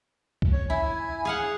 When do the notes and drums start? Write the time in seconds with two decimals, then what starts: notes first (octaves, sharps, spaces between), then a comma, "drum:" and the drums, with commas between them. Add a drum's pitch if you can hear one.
0.42 drum: kick C2
0.53 C#5
0.70 E4 G#5
1.25 G#4 F5 F#5